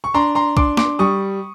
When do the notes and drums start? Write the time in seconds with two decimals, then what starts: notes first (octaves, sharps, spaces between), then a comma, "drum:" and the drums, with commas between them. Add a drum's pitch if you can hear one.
0.04 C#6
0.14 D4 A#5 C6
0.35 A#5 C6
0.57 D4 C6 D6, drum: kick
0.77 C6 D6, drum: snare
0.99 G3 C#6 D#6